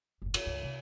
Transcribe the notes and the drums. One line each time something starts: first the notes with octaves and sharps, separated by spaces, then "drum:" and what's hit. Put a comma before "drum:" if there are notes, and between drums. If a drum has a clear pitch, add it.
F#1 G#2
B3, drum: cymbal
C#2 G2
C3